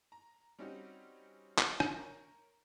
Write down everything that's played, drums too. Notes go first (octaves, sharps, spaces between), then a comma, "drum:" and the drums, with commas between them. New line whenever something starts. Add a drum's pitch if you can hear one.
A#5
G3 C4 C#4 D#4 F#4 G4
drum: clap
drum: rim click
A#4 C#5 A#5